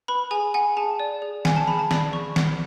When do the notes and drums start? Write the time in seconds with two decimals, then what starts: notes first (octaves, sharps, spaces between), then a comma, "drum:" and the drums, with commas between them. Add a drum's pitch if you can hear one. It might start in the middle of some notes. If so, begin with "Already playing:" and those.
0.08 B4 B5
0.31 G#4 G#5
0.54 F#5 G#5
0.77 G#4 A5
1.00 D5
1.22 G#4
1.45 F#5 G#5, drum: snare
1.56 A5
1.67 G#4 B5
1.79 A5
1.91 D5 B5, drum: snare
2.13 G#4 C#6
2.36 F#5, drum: snare